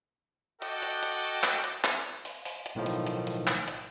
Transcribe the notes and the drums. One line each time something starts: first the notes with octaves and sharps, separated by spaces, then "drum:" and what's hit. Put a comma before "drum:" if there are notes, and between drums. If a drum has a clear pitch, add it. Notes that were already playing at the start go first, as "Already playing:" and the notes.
F#4 A4 D#5 F#5 G5 D6, drum: hi-hat
drum: hi-hat
drum: hi-hat
drum: clap
drum: hi-hat
drum: clap
drum: open hi-hat
drum: open hi-hat
drum: hi-hat
B1 A2 D#3 F3
drum: hi-hat
drum: hi-hat
drum: hi-hat
drum: clap
drum: hi-hat